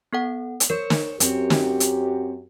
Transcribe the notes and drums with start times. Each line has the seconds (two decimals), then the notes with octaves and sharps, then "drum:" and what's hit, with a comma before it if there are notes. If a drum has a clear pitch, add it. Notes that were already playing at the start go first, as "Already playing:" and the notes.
0.13 B3 A4 F#5
0.60 drum: hi-hat
0.70 A#4 C5 C#5
0.90 drum: snare
1.20 F#2 C4 F#4 G4 C#5, drum: hi-hat
1.50 drum: snare
1.80 drum: hi-hat